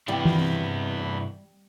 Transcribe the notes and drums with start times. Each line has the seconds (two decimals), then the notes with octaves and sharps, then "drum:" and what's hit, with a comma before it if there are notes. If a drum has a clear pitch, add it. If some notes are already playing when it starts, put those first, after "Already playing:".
0.08 G2 C3 E3 G3 B3 E4
0.25 drum: tom E3